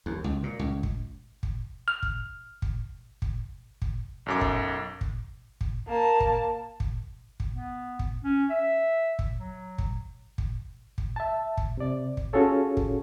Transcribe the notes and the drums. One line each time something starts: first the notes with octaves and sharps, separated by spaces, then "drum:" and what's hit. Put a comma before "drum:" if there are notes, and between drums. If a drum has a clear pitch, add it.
D#2
C#2
A#2
C#2
drum: kick
drum: kick
F6
drum: kick
drum: kick
drum: kick
drum: kick
B1 F#2 D6
drum: kick
drum: kick
drum: kick
A#3 A5
drum: kick
drum: kick
drum: kick
B3
drum: kick
C#4
E5
drum: kick
F#3
drum: kick
drum: kick
drum: kick
E5 A5
drum: kick
C3 D5
drum: kick
C#4 F4 F#4 G#4 A4 C#5
drum: kick